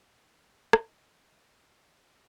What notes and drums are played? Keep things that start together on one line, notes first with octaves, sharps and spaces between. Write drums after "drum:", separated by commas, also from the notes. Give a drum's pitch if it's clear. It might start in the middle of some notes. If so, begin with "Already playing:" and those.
D#3
D#5, drum: rim click